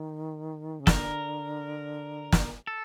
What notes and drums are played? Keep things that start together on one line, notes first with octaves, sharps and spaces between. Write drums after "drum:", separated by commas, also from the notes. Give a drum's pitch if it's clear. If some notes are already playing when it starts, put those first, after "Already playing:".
Already playing: D#3
C#3
A4, drum: snare
D3 A#4
drum: snare
A4